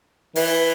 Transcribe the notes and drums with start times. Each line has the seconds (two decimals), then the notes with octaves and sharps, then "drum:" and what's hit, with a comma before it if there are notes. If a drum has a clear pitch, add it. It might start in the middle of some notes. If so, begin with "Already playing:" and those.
0.36 E3, drum: open hi-hat